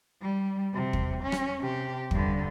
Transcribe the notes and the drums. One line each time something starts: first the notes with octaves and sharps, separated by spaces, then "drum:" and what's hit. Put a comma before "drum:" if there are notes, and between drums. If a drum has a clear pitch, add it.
G3
C3
drum: kick
C#4
drum: rim click
C3 G4
G2 D3, drum: kick